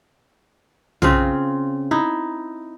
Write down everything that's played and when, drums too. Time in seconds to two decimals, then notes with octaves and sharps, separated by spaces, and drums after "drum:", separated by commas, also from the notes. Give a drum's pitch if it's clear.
1.02 C#3 C4 F4, drum: tom
1.91 D#4 E4